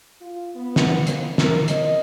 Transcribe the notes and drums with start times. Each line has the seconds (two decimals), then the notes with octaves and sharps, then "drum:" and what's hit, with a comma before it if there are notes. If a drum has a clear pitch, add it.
0.22 F4
0.55 B3
0.76 drum: snare
0.97 A#3
1.07 drum: hi-hat
1.38 A#4, drum: snare
1.68 D#5, drum: hi-hat